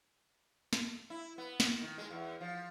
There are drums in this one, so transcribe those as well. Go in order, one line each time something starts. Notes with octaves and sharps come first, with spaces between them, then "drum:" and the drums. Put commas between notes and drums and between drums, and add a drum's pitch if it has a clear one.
drum: snare
E4
B3
drum: snare
D#3
G#3
E2
F3